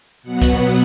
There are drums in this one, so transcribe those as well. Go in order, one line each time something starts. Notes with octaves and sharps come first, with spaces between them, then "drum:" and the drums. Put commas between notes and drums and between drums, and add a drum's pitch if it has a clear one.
B2 F#3 B3 F#5
drum: kick, hi-hat